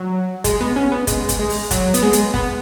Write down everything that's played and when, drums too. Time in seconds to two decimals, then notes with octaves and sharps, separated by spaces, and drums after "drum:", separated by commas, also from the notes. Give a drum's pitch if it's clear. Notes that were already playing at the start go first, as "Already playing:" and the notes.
Already playing: F#3
0.44 G#3, drum: kick, hi-hat
0.61 B3
0.76 C#4
0.92 B3
1.07 G#3, drum: kick, hi-hat
1.29 drum: kick, hi-hat
1.39 G#3
1.50 drum: open hi-hat
1.71 F#3, drum: kick, hi-hat
1.94 B3, drum: hi-hat
2.03 G#3
2.13 drum: hi-hat
2.34 B3, drum: kick